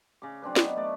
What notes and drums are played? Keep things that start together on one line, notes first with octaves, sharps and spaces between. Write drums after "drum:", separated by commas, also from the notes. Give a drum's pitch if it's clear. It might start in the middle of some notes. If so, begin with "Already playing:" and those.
C#3 D6
F#3 C4 D4 B4
B3 D#4, drum: snare
A3 B4 D5